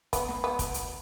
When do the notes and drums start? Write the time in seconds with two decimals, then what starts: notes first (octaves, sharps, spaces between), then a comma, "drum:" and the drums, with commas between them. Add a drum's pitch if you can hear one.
0.13 B3, drum: kick, hi-hat
0.28 drum: snare
0.44 B3
0.59 drum: kick, hi-hat
0.74 drum: hi-hat